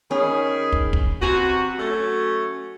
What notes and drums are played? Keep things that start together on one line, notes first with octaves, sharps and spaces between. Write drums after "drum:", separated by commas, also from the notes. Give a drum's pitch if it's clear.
D#3 C#4 G#4 B5
drum: kick
drum: kick
C3 F#4 B4 G#5 A#5
F#3 A3 C#4